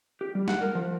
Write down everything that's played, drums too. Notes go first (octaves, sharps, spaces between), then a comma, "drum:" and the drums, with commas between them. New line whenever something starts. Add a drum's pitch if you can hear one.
G4
G3
F#5, drum: snare
A#4
F3